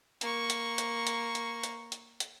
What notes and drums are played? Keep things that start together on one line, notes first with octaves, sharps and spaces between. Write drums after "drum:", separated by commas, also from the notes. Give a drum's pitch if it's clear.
A#3 C#6, drum: hi-hat
drum: hi-hat
drum: hi-hat
drum: hi-hat
drum: hi-hat
drum: hi-hat
drum: hi-hat
drum: hi-hat